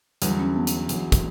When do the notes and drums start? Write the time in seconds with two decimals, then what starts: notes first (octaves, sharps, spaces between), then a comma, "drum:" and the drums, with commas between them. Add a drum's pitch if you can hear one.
0.22 E2 D3 F#3 G3, drum: hi-hat
0.39 C#4
0.56 B3
0.67 drum: hi-hat
0.89 E2 D3 F#3, drum: hi-hat
1.12 drum: kick, hi-hat